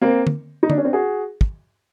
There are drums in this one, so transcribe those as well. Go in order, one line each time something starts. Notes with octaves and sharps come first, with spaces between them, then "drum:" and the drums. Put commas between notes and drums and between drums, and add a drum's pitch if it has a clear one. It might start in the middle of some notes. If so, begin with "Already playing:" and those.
A#3 C4
drum: tom D3
D#4
D4, drum: tom D3
C#4
C4 D4
F#4 G#4
drum: kick